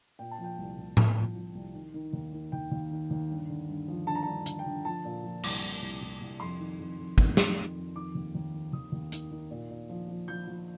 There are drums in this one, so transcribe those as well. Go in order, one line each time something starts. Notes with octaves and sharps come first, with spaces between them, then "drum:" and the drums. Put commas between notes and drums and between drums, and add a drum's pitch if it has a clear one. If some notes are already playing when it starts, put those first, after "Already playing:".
A#2 G5
A5
F3
G5
C2
C2
C2, drum: tom A2
F3
F3
C2
D#3
D#3
D#2
D#3
D#2 G5
D#2
D#3
D#2
G2
D3
G2
F3
D3 A5
A#5
A5
G2
D3, drum: hi-hat
G5
D3
F3 A5
A#2
F3
C2, drum: cymbal
C2
C2
C2
C2
F2 C6
D#3
F2
F2
F2, drum: kick
F2, drum: snare
D#3
F2
D#3 D6
D#2
D#2
D#3
D#2 D#6
D#2
D#3, drum: hi-hat
D#3
A#2
A#2
F3
F3
F3 G6
F3